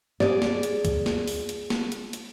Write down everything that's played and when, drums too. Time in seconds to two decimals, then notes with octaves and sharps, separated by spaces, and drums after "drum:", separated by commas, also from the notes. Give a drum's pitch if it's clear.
0.20 G#4 D5, drum: snare
0.42 drum: snare
0.63 drum: hi-hat
0.85 drum: kick, hi-hat
1.06 drum: snare
1.28 drum: open hi-hat
1.49 drum: hi-hat
1.70 drum: snare
1.92 drum: hi-hat
2.13 drum: hi-hat